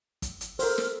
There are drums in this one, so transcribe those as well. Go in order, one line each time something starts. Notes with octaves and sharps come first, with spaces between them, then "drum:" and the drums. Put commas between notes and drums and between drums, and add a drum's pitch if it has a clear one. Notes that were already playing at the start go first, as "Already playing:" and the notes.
drum: kick, hi-hat
drum: hi-hat
A4 A#4 C5 F6, drum: open hi-hat
drum: snare